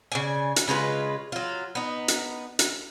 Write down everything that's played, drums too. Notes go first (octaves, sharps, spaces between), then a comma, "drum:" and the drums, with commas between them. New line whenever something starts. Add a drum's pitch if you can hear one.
C#3 D5 G#5
drum: hi-hat
C#3 G#3 F4 B4
F#3 F4
B3 D#4
drum: hi-hat
drum: hi-hat